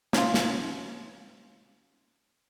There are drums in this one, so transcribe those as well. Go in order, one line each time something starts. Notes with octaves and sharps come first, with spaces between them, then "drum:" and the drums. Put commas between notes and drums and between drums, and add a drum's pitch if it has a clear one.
C#4 F4, drum: snare
drum: snare